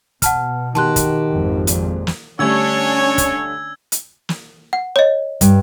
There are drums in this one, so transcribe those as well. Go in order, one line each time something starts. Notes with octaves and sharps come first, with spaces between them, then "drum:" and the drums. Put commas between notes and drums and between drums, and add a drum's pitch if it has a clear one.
B2 F#5 A5 F6, drum: kick, hi-hat
D#3 F#4 G4 A5 C6 F#6
drum: kick, hi-hat
G#1 F2
A#2, drum: hi-hat
drum: snare
D3 G3 A3 C#4 D4 C#5 E6 G#6
drum: kick, hi-hat
drum: hi-hat
drum: snare
F#5
C#5 D#5
G2, drum: kick, hi-hat